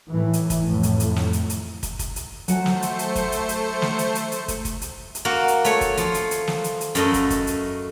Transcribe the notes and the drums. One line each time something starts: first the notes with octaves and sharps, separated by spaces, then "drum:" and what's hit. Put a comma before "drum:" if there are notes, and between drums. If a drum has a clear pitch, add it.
A2 E3
drum: hi-hat
drum: kick, hi-hat
F2 A2
drum: hi-hat
drum: hi-hat
drum: snare
drum: hi-hat
drum: hi-hat
drum: kick, hi-hat
drum: kick, hi-hat
drum: hi-hat
F#3 A3 C5 F#5 G#5 C#7, drum: hi-hat
drum: snare
drum: hi-hat
drum: hi-hat
drum: kick, hi-hat
drum: hi-hat
drum: hi-hat
drum: snare
drum: hi-hat
drum: hi-hat
drum: hi-hat
drum: kick, hi-hat
drum: kick, hi-hat
drum: hi-hat
drum: hi-hat
A#3 F#4
drum: hi-hat
A3 C#5, drum: hi-hat
drum: kick, hi-hat
F3, drum: hi-hat
drum: hi-hat
drum: hi-hat
drum: snare
drum: hi-hat
drum: hi-hat
F#2 A3 D#5, drum: hi-hat
drum: kick, hi-hat
drum: kick, hi-hat
drum: hi-hat